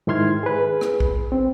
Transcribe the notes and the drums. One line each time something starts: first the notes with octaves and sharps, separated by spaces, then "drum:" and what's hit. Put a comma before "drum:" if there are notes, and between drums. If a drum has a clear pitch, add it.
G#2 D#3 E4 C6 F6 G#6
G#4 B4
drum: rim click
drum: kick A#1
C4